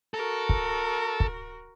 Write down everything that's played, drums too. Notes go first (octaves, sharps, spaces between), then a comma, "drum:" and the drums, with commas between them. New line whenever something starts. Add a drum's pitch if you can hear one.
F#4 A4 A#4
drum: kick
drum: kick